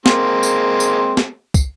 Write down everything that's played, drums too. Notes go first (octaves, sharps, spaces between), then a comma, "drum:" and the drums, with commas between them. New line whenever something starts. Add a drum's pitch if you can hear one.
G#3 A#3 C4, drum: snare
drum: tambourine
drum: tambourine
drum: snare
drum: kick, tambourine